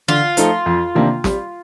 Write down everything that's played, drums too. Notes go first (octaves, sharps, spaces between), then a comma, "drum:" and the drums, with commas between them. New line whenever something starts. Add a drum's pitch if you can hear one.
D3 F4
F3 A3 D#4 A4, drum: hi-hat
F2
C3 D#3 A#3 D4
G3, drum: snare